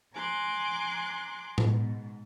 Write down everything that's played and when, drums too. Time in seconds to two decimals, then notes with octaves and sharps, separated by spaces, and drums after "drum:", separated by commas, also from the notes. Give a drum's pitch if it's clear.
0.15 G#5 A#5 C6 D6 F#6
1.58 G#2 B2, drum: tom A2